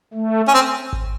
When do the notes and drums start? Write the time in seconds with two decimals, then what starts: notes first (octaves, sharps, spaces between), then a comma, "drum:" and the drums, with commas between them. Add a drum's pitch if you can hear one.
0.14 A3
0.48 C#4
0.54 C4
0.93 drum: kick G#1